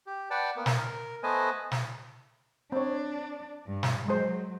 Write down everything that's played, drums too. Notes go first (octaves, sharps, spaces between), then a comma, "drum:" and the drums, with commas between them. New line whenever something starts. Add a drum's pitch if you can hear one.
G4
B4 D5 F#5 G5 A5
A#3 B3
drum: snare
A#4
A3 B3 B4 C5 D#5 G#5
drum: snare
C4 D4 C#5
G2
drum: snare
F#3 G#3 C5